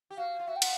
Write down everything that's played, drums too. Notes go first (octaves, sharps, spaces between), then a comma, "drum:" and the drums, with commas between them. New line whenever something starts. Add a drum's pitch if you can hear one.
G4
F#4 F5
F4
F#4 E5
G5
F4 F#5, drum: cymbal